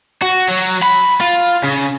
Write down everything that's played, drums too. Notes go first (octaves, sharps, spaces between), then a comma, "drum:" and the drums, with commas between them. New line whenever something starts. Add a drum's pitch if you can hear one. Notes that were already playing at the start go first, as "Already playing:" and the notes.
F#4
F#3
drum: cymbal
B5, drum: hi-hat
F4
C#3